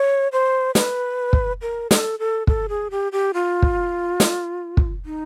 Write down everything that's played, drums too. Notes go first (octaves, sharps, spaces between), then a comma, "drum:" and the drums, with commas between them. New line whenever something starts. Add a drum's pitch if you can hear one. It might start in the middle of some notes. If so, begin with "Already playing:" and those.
Already playing: C#5
C5
B4, drum: snare
drum: kick
A#4
A4, drum: snare
A4
A4, drum: kick
G#4
G4
G4
F4
drum: kick
drum: snare
drum: kick
D#4